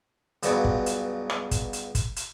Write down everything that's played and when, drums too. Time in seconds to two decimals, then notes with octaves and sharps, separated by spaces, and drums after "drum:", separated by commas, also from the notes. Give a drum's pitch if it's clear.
0.43 C#2 G2 C#3 F#3 B3, drum: hi-hat
0.64 drum: kick
0.86 drum: hi-hat
1.30 drum: rim click
1.51 drum: kick, hi-hat
1.73 drum: hi-hat
1.95 drum: kick, hi-hat
2.16 drum: hi-hat